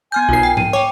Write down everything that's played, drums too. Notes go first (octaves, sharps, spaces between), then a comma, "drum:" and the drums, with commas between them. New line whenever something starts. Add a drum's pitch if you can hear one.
B3 G#5 F6 G6
B1 F4 A#4 C7
G5
D#7, drum: tom G#2
C#5 G5 D6